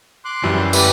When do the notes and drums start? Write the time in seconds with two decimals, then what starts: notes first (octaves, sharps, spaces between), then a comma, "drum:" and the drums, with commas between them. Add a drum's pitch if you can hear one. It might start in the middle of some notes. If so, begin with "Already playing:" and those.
0.25 C6 D6 F#6
0.43 F#2 E3 G3
0.73 D2 G4 B4, drum: tambourine